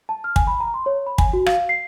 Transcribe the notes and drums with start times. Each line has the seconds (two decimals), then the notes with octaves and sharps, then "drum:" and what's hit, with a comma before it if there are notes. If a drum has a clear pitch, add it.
0.09 A5
0.24 F6
0.36 G#5, drum: kick
0.47 B5
0.60 A#5
0.74 C6
0.86 C#5
1.07 B5
1.18 G#5, drum: kick
1.33 F#4
1.46 F5, drum: rim click
1.69 C7